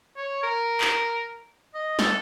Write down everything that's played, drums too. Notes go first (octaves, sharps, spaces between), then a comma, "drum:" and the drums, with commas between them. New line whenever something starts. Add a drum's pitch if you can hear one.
C#5
A#4
drum: clap
D#5
A4, drum: snare